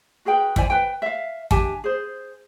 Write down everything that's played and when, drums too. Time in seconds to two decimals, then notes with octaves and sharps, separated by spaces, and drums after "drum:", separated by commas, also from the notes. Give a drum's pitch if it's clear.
0.25 F#4 G#4 B4 G5
0.56 E4 C5 D5 G#5, drum: kick
0.70 B4 G5
1.02 E5 F5
1.51 D4 G4 G#5 A5, drum: kick
1.84 G#4 C5